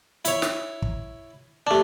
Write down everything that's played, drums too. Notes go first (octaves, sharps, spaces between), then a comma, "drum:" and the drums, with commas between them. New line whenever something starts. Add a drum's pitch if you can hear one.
E4 C#5, drum: hi-hat
drum: snare
drum: kick
A3 D4 G4 A5